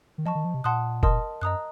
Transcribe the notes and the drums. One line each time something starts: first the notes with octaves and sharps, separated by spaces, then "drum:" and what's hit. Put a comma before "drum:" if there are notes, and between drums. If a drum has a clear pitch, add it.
D#3
F3 D#5 A5 C#6
D#3
F3
C3
A#2 F#5 A5 C6 D#6 F#6
A#4 D#5 A5 C6 D#6, drum: kick F1
F#2 D#5 A#5 D#6 F#6